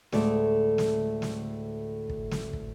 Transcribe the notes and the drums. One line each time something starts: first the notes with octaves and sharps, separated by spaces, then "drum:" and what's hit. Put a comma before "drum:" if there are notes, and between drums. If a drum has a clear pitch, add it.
D2 A2 G#3 A3 D5, drum: snare
drum: snare
drum: snare
drum: kick
drum: snare
drum: kick